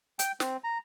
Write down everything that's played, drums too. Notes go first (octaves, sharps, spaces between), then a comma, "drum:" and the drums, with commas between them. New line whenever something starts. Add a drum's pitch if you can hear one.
G5, drum: hi-hat
C4, drum: snare
A#5